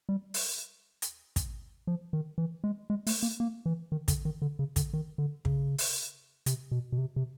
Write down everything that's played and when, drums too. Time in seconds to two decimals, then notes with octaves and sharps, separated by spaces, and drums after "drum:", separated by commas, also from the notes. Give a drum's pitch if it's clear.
0.09 G3
0.34 drum: open hi-hat
1.02 drum: hi-hat
1.36 drum: kick, hi-hat
1.87 F3
2.13 D#3
2.38 E3
2.64 G#3
2.90 G#3
3.07 A3, drum: open hi-hat
3.23 A#3
3.40 A#3
3.66 E3
3.92 D#3
4.08 D3, drum: kick, hi-hat
4.25 D#3
4.42 D3
4.59 C#3
4.76 D3, drum: kick, hi-hat
4.93 D#3
5.18 D3
5.45 C#3, drum: kick
5.78 drum: open hi-hat
6.46 C3, drum: hi-hat
6.72 B2
6.92 B2
6.98 C3
7.16 C3